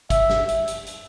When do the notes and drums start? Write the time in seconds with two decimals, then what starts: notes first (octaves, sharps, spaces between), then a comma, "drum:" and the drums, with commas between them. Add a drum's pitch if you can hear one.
0.10 E5, drum: kick, hi-hat
0.30 drum: snare
0.49 drum: hi-hat
0.67 drum: hi-hat
0.86 drum: hi-hat